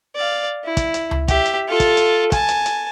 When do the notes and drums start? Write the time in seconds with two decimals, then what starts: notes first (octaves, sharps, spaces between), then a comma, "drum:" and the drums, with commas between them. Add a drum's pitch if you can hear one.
0.15 D5 F5
0.65 E4
0.77 drum: kick, hi-hat
0.94 drum: hi-hat
1.11 drum: tom C#2
1.28 G4 E5, drum: kick, hi-hat
1.45 drum: hi-hat
1.68 F4 A4
1.80 drum: kick, hi-hat
1.97 drum: hi-hat
2.32 G#5 A5, drum: kick, hi-hat
2.48 drum: hi-hat
2.66 drum: hi-hat